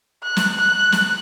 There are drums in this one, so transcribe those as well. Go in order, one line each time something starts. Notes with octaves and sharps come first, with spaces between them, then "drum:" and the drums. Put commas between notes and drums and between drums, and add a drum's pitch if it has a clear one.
F#6
drum: snare
F#6
drum: snare